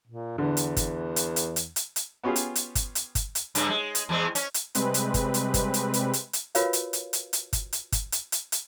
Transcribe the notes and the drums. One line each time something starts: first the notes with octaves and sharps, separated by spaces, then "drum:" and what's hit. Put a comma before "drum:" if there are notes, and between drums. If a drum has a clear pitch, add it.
A#2
E2 D3
drum: hi-hat
drum: kick G1, hi-hat
drum: hi-hat
drum: hi-hat
drum: hi-hat
drum: hi-hat
drum: hi-hat
B3 C#4 F4 G4 G#4
drum: hi-hat
drum: hi-hat
drum: kick G1, hi-hat
drum: hi-hat
drum: kick G1, hi-hat
drum: hi-hat
G2 C#3, drum: hi-hat
G#3
drum: hi-hat
E2 G#3 C4
C#4, drum: hi-hat
drum: hi-hat
C3 G3 G#3 C4 B4, drum: hi-hat
drum: hi-hat
drum: kick G1, hi-hat
drum: hi-hat
drum: kick G1, hi-hat
drum: hi-hat
drum: hi-hat
drum: hi-hat
drum: hi-hat
F4 F#4 A#4 B4 C#5 F5, drum: hi-hat
drum: hi-hat
drum: hi-hat
drum: hi-hat
drum: hi-hat
drum: kick G1, hi-hat
drum: hi-hat
drum: kick G1, hi-hat
drum: hi-hat
drum: hi-hat
drum: hi-hat